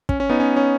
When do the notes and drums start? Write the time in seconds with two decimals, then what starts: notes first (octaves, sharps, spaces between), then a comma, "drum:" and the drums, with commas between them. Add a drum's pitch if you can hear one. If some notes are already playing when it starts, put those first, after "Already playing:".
0.09 C#4, drum: kick
0.20 C#4
0.30 B3 D#4
0.40 C#4
0.56 C#4